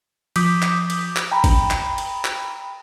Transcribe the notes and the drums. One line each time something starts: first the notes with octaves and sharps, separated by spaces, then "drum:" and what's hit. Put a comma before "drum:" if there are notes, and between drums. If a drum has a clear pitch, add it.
F3 D6 D#6 G6 B6, drum: cymbal
drum: clap
drum: cymbal
drum: clap
G5 A#5 B5
drum: kick, cymbal
drum: clap
drum: cymbal
drum: clap